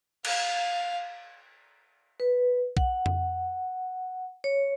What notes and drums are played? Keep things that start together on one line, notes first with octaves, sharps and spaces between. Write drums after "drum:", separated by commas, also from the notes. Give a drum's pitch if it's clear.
F5, drum: cymbal
B4
F#5, drum: kick
drum: tom F2
C#5